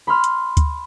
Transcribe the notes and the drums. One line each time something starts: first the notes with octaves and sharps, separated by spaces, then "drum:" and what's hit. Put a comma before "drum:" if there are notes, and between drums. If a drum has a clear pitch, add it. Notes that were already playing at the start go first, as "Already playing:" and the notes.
B5 C6 F6
drum: hi-hat
drum: kick D2, hi-hat